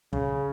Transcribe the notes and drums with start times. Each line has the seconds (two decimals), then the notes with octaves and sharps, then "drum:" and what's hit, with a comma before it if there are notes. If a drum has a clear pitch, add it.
0.13 C#3, drum: kick